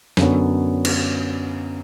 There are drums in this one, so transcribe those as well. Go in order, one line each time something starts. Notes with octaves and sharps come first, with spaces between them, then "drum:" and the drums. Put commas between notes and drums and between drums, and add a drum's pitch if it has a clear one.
F#2 D3 F#3 B3, drum: snare
drum: cymbal